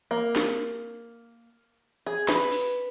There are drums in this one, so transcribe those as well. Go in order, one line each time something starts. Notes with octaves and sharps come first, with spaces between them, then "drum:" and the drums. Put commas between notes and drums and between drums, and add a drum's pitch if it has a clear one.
A#3
drum: snare
G#4
B4, drum: snare
drum: open hi-hat